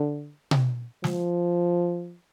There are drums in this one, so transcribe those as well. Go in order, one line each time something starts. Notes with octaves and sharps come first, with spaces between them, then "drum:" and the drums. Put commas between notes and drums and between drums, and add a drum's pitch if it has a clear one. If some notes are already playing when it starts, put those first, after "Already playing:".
Already playing: D3
drum: tom B2
F3, drum: snare